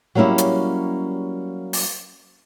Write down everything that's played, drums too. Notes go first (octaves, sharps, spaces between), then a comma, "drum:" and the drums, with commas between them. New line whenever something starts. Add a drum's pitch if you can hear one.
F#3 G3 A#3 C#4 E4 G4
drum: hi-hat
drum: open hi-hat